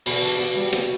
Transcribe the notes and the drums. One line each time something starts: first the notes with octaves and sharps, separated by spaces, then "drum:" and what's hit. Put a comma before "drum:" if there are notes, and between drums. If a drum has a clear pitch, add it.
B2 B5, drum: open hi-hat
D4
B2
G3
B2, drum: hi-hat